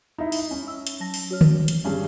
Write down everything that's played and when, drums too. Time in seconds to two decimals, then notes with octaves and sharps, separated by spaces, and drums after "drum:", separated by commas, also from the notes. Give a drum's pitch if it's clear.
0.18 D#4 E4
0.32 drum: open hi-hat
0.51 C#4
0.68 E6
0.87 drum: hi-hat
1.00 F#3 A5 A#6
1.14 drum: open hi-hat
1.31 F#4 C#5 F6
1.41 drum: tom D3
1.68 drum: hi-hat
1.85 G2 C#4 G#4